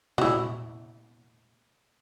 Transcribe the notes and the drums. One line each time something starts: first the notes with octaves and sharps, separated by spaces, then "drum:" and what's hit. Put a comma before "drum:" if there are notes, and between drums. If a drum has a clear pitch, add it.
E4 F#4, drum: tom A#2